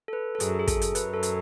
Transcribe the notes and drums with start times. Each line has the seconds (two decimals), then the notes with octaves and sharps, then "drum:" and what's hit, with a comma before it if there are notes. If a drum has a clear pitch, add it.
0.08 A4
0.13 B4
0.35 A4
0.40 F#2 G#4, drum: hi-hat
0.60 G#4
0.68 A4, drum: kick, hi-hat
0.82 drum: hi-hat
0.95 F#2 B4, drum: hi-hat
1.13 A4
1.23 drum: hi-hat